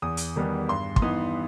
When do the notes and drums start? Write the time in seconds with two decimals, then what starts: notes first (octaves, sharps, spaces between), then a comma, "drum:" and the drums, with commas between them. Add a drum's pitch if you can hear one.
0.02 E2 D#6
0.17 drum: hi-hat
0.36 D#3 G3 B3
0.68 G2 C6
0.96 C6, drum: kick
1.02 E3 B3 D#4 D#6